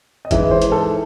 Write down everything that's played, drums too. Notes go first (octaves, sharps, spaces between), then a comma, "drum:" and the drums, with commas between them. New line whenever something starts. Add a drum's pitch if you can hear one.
D#5
G#2 E3 G#3 D#4 E5, drum: kick G1, hi-hat
C5
drum: hi-hat
A4